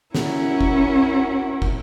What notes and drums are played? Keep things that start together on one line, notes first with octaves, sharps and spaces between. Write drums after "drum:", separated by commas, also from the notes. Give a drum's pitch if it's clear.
C#4 E4 F#4 A#4, drum: snare
drum: kick
drum: kick